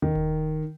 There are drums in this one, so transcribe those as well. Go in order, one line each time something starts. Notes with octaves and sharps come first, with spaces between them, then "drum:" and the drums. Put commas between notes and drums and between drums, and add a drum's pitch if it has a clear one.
D#3, drum: tom D#2
drum: kick D#1